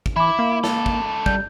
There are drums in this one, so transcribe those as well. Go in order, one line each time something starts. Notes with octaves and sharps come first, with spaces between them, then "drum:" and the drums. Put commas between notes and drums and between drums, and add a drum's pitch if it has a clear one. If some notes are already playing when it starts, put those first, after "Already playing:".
drum: kick
E3 E4 B5 D6
A#3
C#2 A4, drum: snare
drum: kick
G3 G6, drum: kick